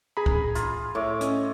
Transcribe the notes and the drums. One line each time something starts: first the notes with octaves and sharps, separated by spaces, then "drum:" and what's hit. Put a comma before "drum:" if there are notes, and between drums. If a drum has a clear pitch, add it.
G#4 A#5 B5
drum: kick C2
F4, drum: hi-hat
A2 C#5 D6
C#4 D#5, drum: hi-hat